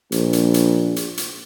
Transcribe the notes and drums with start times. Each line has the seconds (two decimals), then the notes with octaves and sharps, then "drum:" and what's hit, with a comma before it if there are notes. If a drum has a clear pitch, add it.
0.12 A#1, drum: hi-hat
0.33 drum: hi-hat
0.54 drum: hi-hat
0.96 drum: hi-hat
1.17 drum: hi-hat